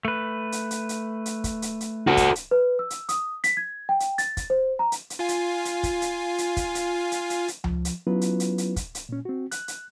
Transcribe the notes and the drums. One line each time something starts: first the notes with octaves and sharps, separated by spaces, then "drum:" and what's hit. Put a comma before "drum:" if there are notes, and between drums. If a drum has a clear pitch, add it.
A3 B4
drum: hi-hat
drum: hi-hat
drum: hi-hat
drum: hi-hat
drum: kick, hi-hat
drum: hi-hat
drum: hi-hat
F#4 A4
drum: kick, hi-hat
drum: hi-hat
B4
E6
drum: hi-hat
D#6, drum: hi-hat
B6, drum: hi-hat
G#6
G5
drum: hi-hat
A6, drum: hi-hat
drum: kick, hi-hat
C5
A#5
drum: hi-hat
drum: hi-hat
F4 F5 G#5
drum: hi-hat
drum: hi-hat
drum: kick, hi-hat
drum: hi-hat
drum: hi-hat
drum: kick, hi-hat
drum: hi-hat
drum: hi-hat
drum: hi-hat
drum: hi-hat
F3, drum: tom C#2
drum: hi-hat
F#3 B3 C#4 E4 F4 B4
drum: hi-hat
drum: hi-hat
drum: hi-hat
drum: kick, hi-hat
drum: hi-hat
A#2 C#4
C4 F#4
F#6, drum: hi-hat
drum: hi-hat